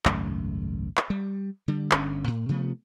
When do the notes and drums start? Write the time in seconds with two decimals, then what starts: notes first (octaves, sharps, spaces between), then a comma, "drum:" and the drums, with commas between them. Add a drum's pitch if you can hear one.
0.05 G#1 C#2 F#2 A3, drum: clap
0.97 drum: clap
1.10 G3
1.68 D3 G3
1.91 G1 D3 C#4, drum: clap
2.27 A2
2.49 C3 F3 A3 B3